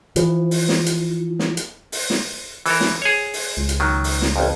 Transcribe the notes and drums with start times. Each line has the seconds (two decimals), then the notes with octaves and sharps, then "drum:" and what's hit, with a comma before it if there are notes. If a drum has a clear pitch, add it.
0.16 E3 F3, drum: hi-hat
0.51 drum: open hi-hat
0.69 drum: snare
0.86 drum: hi-hat
1.39 drum: snare
1.57 drum: hi-hat
1.92 drum: open hi-hat
2.10 drum: snare
2.66 E3 A4 A#4, drum: open hi-hat
2.81 drum: snare
3.02 G#4 C#5
3.33 drum: open hi-hat
3.57 C#2
3.69 drum: hi-hat
3.80 D#3 F#3
4.04 drum: open hi-hat
4.22 drum: snare
4.36 A1 F2